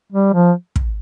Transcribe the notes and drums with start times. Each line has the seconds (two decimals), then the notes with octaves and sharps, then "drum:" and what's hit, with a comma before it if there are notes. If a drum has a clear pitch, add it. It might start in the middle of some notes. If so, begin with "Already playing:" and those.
0.12 G3
0.33 F3
0.76 drum: kick